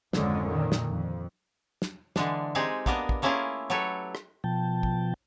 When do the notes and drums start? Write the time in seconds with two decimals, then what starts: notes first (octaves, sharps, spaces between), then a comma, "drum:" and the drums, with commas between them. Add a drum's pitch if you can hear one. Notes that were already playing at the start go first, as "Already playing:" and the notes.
0.13 G#1 F2 G#2 D3 G#3 C#4, drum: snare
0.48 A#2 D3 D#3
0.72 drum: snare
0.87 F2
1.82 drum: snare
2.16 D3 E3 G#3 D4, drum: snare
2.55 G#3 C4 D#4 G4 G#4
2.86 A#3 B3 D4 A#4 D#5, drum: kick
3.09 drum: kick
3.22 A3 A#3 C#4 E4 F4 G#4
3.70 F#3 G4 A4 B4 C#5
4.15 drum: rim click
4.44 B2 F3 G5 A5
4.83 drum: kick